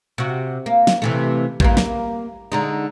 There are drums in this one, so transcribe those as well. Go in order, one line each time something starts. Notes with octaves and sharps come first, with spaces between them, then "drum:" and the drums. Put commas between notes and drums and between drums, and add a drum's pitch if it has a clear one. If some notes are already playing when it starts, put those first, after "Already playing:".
C3 F#4
A#3
drum: snare
C3 E3 A3
G2 E3 A#3, drum: kick A1
A#3, drum: snare
D3 G#3 D#4